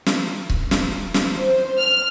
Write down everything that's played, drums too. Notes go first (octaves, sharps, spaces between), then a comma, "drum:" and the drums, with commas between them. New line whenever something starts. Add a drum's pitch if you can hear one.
drum: snare
drum: kick C#1
drum: snare
drum: snare
C5
F6